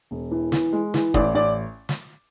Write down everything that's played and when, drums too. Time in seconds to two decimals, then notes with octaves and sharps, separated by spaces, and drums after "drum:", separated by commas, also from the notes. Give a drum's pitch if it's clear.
0.11 E1
0.31 E3
0.52 E3, drum: snare
0.73 G#3
0.94 E3, drum: snare
1.14 A1 D5, drum: kick
1.35 A1 D5
1.89 drum: snare